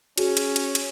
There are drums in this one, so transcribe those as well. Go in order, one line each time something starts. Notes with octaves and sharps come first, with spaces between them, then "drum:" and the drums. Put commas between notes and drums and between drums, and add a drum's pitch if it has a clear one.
C#4 F#4 G#4, drum: cymbal
drum: cymbal
drum: cymbal
drum: cymbal